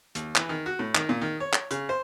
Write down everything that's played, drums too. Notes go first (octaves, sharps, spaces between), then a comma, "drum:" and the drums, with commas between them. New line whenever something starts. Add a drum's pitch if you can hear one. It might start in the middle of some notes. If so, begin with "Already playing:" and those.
D#2, drum: hi-hat
E3, drum: clap
D#3
F#4
A2
D#3, drum: clap
A#2
D#3
C#5
drum: clap
C#3, drum: hi-hat
C5